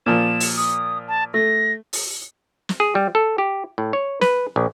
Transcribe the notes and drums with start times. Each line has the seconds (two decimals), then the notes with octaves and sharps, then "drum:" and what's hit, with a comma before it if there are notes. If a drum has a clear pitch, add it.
0.06 A#2 F3 E7
0.40 drum: open hi-hat
0.57 D#6
1.08 A5
1.34 A3 A#6
1.93 drum: open hi-hat
2.69 drum: snare
2.80 G#4
2.95 G3
3.15 A4
3.38 G4
3.78 A2
3.93 C#5
4.21 B4, drum: snare
4.56 A#1